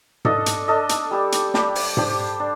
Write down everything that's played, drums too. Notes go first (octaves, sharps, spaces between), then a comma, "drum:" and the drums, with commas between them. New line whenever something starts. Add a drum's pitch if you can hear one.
D4 A4 D#5, drum: tom G#2
drum: hi-hat
D4 A4 D#5
drum: hi-hat
G3 D4 G4
drum: hi-hat
G3 D4 G4, drum: snare
drum: open hi-hat
D4 G4 C5, drum: tom G#2
D4